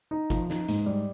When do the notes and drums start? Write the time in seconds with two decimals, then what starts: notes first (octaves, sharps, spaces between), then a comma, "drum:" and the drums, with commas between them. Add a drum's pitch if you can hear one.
0.11 D#4
0.30 F3, drum: kick, hi-hat
0.50 D#4, drum: snare
0.68 G#2, drum: hi-hat
0.86 G3